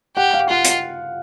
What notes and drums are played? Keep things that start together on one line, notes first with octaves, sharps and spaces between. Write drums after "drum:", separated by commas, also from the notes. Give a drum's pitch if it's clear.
G4 F#5
F5
F4 F#5
drum: hi-hat